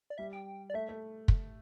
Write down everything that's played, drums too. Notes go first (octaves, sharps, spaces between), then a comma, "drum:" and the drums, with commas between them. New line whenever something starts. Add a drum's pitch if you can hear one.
D5
G3 E5
G5
D5
A3 E5
A3
drum: kick